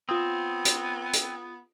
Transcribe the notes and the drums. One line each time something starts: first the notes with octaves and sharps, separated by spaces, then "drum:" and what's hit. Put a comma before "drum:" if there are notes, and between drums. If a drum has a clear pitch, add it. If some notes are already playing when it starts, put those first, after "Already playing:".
B3 C4 F4 D#6
drum: hi-hat
drum: hi-hat